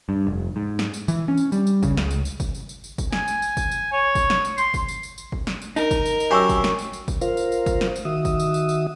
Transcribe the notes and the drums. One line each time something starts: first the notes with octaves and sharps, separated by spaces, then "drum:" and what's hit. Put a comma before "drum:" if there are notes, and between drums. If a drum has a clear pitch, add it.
G2
F1
G#2
drum: snare
drum: tambourine
E3, drum: tambourine
C#4
drum: tambourine
G3, drum: tambourine
drum: tambourine
C#3, drum: kick G1, tambourine
C#2, drum: snare
drum: tambourine
drum: tambourine
drum: kick G1, tambourine
drum: tambourine
drum: tambourine
drum: tambourine
drum: kick G1, tambourine
G#5, drum: snare
drum: tambourine
drum: tambourine
drum: kick G1, tambourine
drum: tambourine
C#5
drum: kick G1, tambourine
drum: snare
drum: tambourine
C6, drum: tambourine
drum: kick G1, tambourine
drum: tambourine
drum: tambourine
drum: tambourine
drum: kick G1
drum: snare
drum: tambourine
D#4 A#4, drum: tambourine
drum: kick G1, tambourine
drum: tambourine
drum: tambourine
F#2 G4 C5 G#5 C#6 E6
drum: kick G1, tambourine
drum: snare
drum: tambourine
drum: tambourine
drum: kick G1, tambourine
F4 A#4 C5 F5, drum: tambourine
drum: tambourine
drum: tambourine
drum: kick G1, tambourine
drum: snare
drum: tambourine
D#3 F#4 E5 D#6
drum: kick G1, tambourine
drum: tambourine
drum: tambourine
drum: tambourine